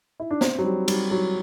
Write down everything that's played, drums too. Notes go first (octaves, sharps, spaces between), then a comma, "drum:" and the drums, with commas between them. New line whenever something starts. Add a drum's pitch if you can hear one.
E4
D4
C4, drum: snare
F#3
G3
G3, drum: cymbal
F#3